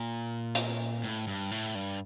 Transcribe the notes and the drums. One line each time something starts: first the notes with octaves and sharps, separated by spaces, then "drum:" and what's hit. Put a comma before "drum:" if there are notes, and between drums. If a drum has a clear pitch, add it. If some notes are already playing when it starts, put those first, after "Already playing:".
Already playing: A#2
drum: hi-hat
A2
G2
A2
G2